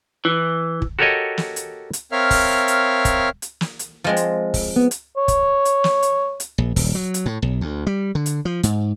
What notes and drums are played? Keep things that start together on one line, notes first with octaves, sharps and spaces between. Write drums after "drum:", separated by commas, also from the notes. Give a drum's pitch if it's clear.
E3
drum: kick
F#4 G4 A4 A#4 C#5 D#5
drum: snare
drum: hi-hat
drum: hi-hat
C4 A#4 C#5 E5 F5 F6
drum: kick, open hi-hat
drum: hi-hat
drum: kick, hi-hat
drum: hi-hat
drum: snare
drum: hi-hat
F3 G#3 C4
drum: hi-hat
drum: kick, open hi-hat
B3
drum: hi-hat
C#5
drum: kick, hi-hat
drum: hi-hat
drum: snare
drum: hi-hat
drum: hi-hat
A#1
D#1, drum: kick, open hi-hat
F#3
drum: hi-hat
A2
B1
D2
G3
D3
drum: hi-hat
F3
G#2, drum: hi-hat